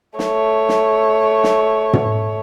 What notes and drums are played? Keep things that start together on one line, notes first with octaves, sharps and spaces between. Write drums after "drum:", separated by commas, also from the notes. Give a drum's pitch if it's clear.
A3 C#5, drum: snare
drum: snare
drum: snare
drum: tom